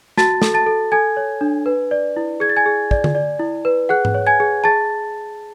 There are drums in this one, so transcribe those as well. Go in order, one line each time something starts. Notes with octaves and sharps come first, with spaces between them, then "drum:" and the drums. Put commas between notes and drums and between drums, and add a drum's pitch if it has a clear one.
F#4 A5 A6, drum: snare
A4, drum: snare
A5 A6
A4
A4 G#5 G#6
C#5
D4
B4
D5
E4
G#4 G#6
A6
G#5 G#6
G#4
D5, drum: kick
drum: tom D3
D5
E4
B4
G#4 F#5 F#6
drum: tom G#2
C#5
G#5 G#6
G#4
G#4 A5 A6